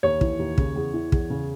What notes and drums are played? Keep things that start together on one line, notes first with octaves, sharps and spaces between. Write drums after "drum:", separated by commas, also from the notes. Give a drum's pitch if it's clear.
D#2 C#5
E3, drum: kick
D#2
C#3, drum: kick
E2
E3
E2, drum: kick
C#3